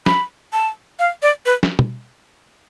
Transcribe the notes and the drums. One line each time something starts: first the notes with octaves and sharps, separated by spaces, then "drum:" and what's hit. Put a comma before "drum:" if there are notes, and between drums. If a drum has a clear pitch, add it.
B5, drum: snare
A5
F5
D5
B4
drum: snare
drum: tom